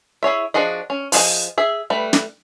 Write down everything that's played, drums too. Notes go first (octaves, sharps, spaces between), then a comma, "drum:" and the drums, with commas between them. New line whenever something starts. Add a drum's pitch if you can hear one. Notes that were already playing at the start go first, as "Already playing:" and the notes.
E4 G#4 C#5 E5
F3 D4 F#4 G#4 D#5
C#4
F3 G#4 D#5 G#5, drum: open hi-hat
G#4 E5
G3 A3 B4
drum: snare